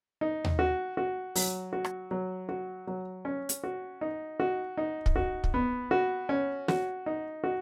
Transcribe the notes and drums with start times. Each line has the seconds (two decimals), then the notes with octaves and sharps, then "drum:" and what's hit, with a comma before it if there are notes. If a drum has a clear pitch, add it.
0.21 D#4
0.44 drum: tom D#2
0.59 F#4
0.97 F#4
1.35 F#3, drum: open hi-hat
1.73 F#4
1.85 drum: rim click
2.11 F#3
2.49 F#4
2.87 F#3
3.25 C#4
3.49 drum: hi-hat
3.64 F#4
4.01 D#4
4.40 F#4
4.77 D#4
5.06 drum: kick
5.16 F#4
5.44 drum: kick
5.54 B3
5.91 F#4
6.29 C#4
6.68 F#4, drum: snare
7.06 D#4
7.44 F#4